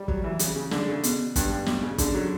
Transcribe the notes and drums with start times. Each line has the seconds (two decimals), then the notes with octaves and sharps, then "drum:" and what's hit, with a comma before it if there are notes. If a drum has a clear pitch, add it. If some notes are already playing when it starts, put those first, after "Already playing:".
Already playing: G3
0.08 F#3, drum: kick
0.24 E3
0.39 C#3, drum: hi-hat
0.56 C#3
0.71 D3, drum: snare
0.88 C#3
1.04 B2, drum: hi-hat
1.36 G2, drum: kick, hi-hat
1.51 G2
1.66 B2, drum: snare
1.82 C#3
1.98 D3, drum: kick, hi-hat
2.14 F#3